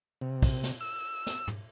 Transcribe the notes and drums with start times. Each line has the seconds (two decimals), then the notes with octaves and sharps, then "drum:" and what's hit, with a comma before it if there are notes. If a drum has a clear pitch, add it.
0.22 C3
0.43 drum: kick, cymbal
0.64 drum: snare
0.81 E6
1.27 drum: snare
1.47 drum: tom